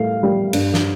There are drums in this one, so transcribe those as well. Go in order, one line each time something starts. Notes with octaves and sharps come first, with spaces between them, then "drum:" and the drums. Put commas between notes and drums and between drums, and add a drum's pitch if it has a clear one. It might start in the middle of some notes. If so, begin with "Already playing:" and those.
Already playing: A2 G3 F5
G3
G2, drum: cymbal
drum: snare